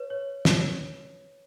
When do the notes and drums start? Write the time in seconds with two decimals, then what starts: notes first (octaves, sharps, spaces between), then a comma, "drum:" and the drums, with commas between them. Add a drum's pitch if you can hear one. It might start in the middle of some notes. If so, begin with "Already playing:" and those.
Already playing: B4 C#5
0.10 C#5
0.45 drum: snare